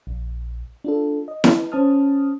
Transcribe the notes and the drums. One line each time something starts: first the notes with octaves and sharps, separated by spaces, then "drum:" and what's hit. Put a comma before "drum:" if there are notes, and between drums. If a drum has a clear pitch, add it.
A#1
D4 F4 A4
D#5
drum: snare E4
C#4 C5 A5 D#6 F6